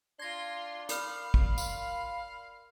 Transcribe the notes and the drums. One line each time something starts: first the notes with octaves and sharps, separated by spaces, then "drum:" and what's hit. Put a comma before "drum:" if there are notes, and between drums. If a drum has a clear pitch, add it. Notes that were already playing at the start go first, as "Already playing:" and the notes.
D4 F4 C6 G#6 A#6
A#4 D5 F5 B5 F6, drum: hi-hat
drum: kick
F4, drum: tambourine